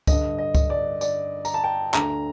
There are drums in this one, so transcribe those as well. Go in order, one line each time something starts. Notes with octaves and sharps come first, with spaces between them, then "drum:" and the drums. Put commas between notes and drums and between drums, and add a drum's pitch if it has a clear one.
G2 D3 D#5, drum: kick C#2, tambourine
D#5
drum: kick C#2, tambourine
D5
D5, drum: tambourine
A#5, drum: tambourine
A5
G5
D2 D3 A#5, drum: clap